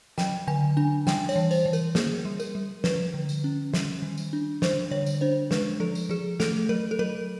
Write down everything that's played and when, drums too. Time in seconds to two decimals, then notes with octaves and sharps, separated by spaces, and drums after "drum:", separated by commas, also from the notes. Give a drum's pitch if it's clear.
0.18 F#3 G5, drum: snare
0.47 D3 G#5
0.77 D4 G#5
1.07 G3 G5, drum: snare
1.29 C#5, drum: tambourine
1.36 E3
1.51 C5, drum: tambourine
1.66 E3
1.73 A#4, drum: tambourine
1.95 A#3 G#4, drum: snare
2.25 G3
2.40 A#4, drum: tambourine
2.55 G3
2.84 F3 B4, drum: snare
3.14 D3
3.29 drum: tambourine
3.44 C#4
3.74 G3, drum: snare
4.02 D#3
4.18 drum: tambourine
4.33 D4
4.62 G3 C5, drum: snare
4.91 D3 C#5
5.06 drum: tambourine
5.21 D4 C5
5.51 G#3 B4, drum: snare
5.80 F3 A4
5.95 drum: tambourine
6.09 F3 G#4
6.40 A3 A4, drum: snare
6.69 F#3 A#4
6.91 A4
6.99 F#3 A#4